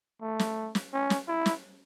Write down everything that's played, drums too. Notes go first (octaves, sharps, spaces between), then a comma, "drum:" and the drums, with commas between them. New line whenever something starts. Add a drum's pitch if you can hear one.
A3
drum: snare
drum: snare
C#4
drum: snare
E4
drum: snare